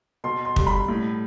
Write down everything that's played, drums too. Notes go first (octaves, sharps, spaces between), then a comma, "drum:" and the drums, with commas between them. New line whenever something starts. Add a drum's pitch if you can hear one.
B2 C6
C6
G3, drum: kick
B5
A2